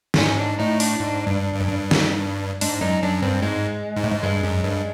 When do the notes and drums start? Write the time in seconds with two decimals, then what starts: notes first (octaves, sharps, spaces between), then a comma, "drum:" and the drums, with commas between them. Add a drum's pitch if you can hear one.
0.14 G2, drum: snare
0.18 G#2 C#4
0.39 D4
0.59 A2 D#4
0.80 D4, drum: open hi-hat
1.00 G#2
1.27 G2
1.54 G2
1.61 F#2
1.68 G2
1.91 drum: snare
2.61 G#2 D4, drum: open hi-hat
2.81 F#2 D#4
3.02 F#2 D4
3.22 G2 C4
3.42 G#2 G#3
3.96 G#2
4.04 A2
4.12 G#2
4.23 G2 G#3
4.43 F#2
4.64 G2